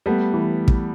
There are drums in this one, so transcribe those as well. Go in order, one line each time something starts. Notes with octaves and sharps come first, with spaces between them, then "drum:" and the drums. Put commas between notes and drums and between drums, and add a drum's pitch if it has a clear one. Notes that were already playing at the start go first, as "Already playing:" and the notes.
G3 A3 B3
E3
drum: kick